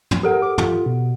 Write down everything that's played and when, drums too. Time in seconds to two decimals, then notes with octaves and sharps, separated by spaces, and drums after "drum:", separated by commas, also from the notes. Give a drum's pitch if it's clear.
0.11 drum: tom
0.23 G4 A4 A#4 F#5
0.42 D6
0.58 F4, drum: tom
0.86 B2